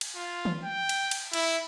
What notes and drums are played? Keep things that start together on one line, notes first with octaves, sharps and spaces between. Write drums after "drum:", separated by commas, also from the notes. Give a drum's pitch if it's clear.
drum: cymbal
F4
drum: tom D#3
G5
drum: cymbal
drum: cymbal
E4, drum: cymbal